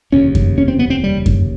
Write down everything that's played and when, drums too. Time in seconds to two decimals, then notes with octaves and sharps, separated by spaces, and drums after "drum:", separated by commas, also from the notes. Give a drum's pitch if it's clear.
0.12 F1 D#2 C#3 C#4
0.35 drum: kick F#2
0.58 C#4
0.68 C4
0.79 B3
0.90 C4
1.03 G3
1.26 drum: kick F#2